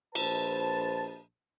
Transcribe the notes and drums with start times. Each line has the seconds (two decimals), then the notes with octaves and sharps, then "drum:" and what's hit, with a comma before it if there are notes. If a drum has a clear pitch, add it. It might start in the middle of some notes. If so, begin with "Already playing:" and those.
0.15 A#1 B4 C5 A5, drum: cymbal